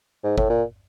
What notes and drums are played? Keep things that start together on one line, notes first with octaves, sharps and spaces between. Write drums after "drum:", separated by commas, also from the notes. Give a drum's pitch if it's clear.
G#2
A2, drum: kick G1
A#2